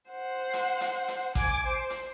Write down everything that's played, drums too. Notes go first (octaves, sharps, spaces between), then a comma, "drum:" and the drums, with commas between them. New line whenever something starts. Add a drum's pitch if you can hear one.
C5 F#5
drum: hi-hat
drum: hi-hat
drum: hi-hat
G#5 D6, drum: kick A1, hi-hat
C5
drum: hi-hat